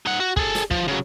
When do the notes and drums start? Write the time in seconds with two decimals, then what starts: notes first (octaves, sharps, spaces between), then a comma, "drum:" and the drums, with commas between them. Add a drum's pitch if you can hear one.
0.06 D#4 F#5
0.20 F#4
0.36 G#4 A4, drum: kick
0.55 drum: snare
0.71 F3, drum: kick
0.88 C#3 F#3